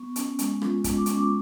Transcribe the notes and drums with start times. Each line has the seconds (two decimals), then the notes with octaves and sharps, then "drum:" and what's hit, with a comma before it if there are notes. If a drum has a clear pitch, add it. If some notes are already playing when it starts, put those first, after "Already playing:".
Already playing: B3 C#6
0.16 C#4, drum: hi-hat
0.39 G#3, drum: hi-hat
0.62 F4, drum: rim click
0.84 G#3, drum: kick, hi-hat
0.95 D6
1.06 C#4 C#6, drum: hi-hat
1.17 D6